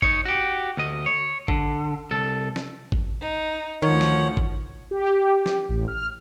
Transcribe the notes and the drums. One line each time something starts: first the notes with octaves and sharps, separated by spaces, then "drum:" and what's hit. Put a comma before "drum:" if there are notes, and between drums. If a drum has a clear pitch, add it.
D#4 C#5, drum: kick G#1
F#4 G4
D2 D#5
C#5
D3, drum: kick G#1
C2 A4
drum: snare
drum: kick G#1
D#4
D2 D#3 F3 C#5 F#5
drum: snare
drum: kick G#1
G4
drum: snare
A1
F6